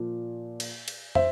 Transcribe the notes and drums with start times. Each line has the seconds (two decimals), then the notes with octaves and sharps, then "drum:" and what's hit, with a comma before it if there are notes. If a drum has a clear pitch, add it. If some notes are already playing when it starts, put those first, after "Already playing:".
Already playing: A#2 F3
0.60 drum: cymbal
0.88 drum: cymbal
1.15 C5 E5, drum: tom